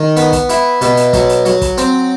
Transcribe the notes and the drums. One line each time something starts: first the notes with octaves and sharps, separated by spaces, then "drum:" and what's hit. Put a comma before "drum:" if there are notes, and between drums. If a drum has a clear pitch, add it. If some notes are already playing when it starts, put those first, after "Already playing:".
Already playing: D#3
B3, drum: hi-hat
drum: kick, hi-hat
E4, drum: hi-hat
B2, drum: hi-hat
drum: hi-hat
F#3, drum: kick, hi-hat
drum: hi-hat
F#3, drum: hi-hat
drum: kick, hi-hat
C4, drum: hi-hat